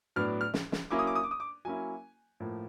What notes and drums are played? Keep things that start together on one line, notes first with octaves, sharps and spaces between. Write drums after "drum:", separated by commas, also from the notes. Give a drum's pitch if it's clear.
A2 F#3 B3 D4 F6
F6
drum: snare
drum: snare
F#3 A#3 C#4 E4 D6
D#6
D6
D#6
D6
D#6
D6
F#3 A#3 C#4 E4 G#5
A2 F3 A#3